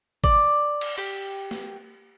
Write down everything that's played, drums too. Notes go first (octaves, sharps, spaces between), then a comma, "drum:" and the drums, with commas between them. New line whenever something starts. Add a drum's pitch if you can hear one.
D5, drum: kick G#1
drum: cymbal
G4
drum: snare A#3